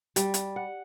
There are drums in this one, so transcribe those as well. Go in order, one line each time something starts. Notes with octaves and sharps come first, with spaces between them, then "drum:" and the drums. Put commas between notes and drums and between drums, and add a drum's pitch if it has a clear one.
G3, drum: hi-hat
drum: hi-hat
F#5